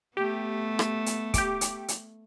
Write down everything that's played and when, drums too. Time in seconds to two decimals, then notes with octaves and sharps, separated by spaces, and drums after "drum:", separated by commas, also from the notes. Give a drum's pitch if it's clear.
0.17 A3 B3 G4
0.79 drum: rim click
1.06 drum: hi-hat
1.34 G4 D6, drum: kick, hi-hat
1.61 drum: hi-hat
1.88 drum: hi-hat